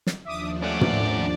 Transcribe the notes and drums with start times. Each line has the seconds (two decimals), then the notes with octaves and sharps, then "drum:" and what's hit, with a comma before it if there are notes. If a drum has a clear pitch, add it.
0.07 drum: snare
0.25 D#2 F3 D4 E5 D6 D#6
0.63 A3 C#4 D5 F#5
0.81 drum: tom